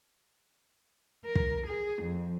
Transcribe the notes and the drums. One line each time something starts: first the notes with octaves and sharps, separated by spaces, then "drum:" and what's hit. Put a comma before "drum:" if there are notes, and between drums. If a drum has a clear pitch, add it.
A#4
drum: kick
G#4
F2